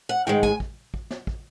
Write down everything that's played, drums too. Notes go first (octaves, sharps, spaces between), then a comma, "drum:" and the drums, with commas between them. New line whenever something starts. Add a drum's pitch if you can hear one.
F#5
G#2 D#3 G#3 G5
G#5, drum: kick
drum: kick
drum: kick
drum: snare
drum: kick